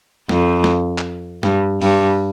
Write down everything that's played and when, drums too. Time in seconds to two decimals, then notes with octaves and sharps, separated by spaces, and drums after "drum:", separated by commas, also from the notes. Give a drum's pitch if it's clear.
0.29 F2, drum: snare
0.64 drum: snare
0.98 drum: clap
1.43 G2, drum: snare
1.82 G2, drum: open hi-hat